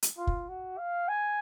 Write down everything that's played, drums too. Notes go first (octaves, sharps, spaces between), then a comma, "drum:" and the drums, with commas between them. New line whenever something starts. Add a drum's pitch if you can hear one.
drum: hi-hat
F4
drum: kick
F#4
F5
G#5